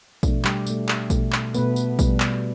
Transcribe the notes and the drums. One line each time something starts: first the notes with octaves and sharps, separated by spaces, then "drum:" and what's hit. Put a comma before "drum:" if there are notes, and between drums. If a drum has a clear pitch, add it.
B2 A3 D4, drum: kick A#1, tambourine
G3 G4, drum: clap
B2 A3, drum: tambourine
drum: clap
B2 A3, drum: kick A#1, tambourine
drum: clap
B2 A3 B3 B4, drum: tambourine
drum: tambourine
B2 G3, drum: kick A#1, tambourine
drum: clap